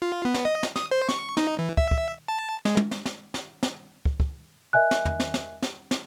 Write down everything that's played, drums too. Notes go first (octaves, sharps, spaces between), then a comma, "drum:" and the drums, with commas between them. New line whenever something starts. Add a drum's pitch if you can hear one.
F4
B3
drum: snare
D#5
drum: snare
D#6, drum: snare
C5
C#6, drum: snare
D#4, drum: snare
E3
E5, drum: kick
drum: kick
A5
G#3, drum: snare
drum: tom
drum: snare
drum: snare
drum: snare
drum: snare
drum: kick
drum: kick
A#4 D#5 E5 G#5 F#6
drum: snare
drum: tom
drum: snare
drum: snare
drum: snare
drum: snare